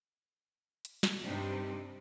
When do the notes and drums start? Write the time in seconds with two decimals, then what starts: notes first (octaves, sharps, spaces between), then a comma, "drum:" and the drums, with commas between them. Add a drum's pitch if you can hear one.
0.85 drum: hi-hat
1.03 drum: snare
1.24 G2 C3 G3 D4 D#4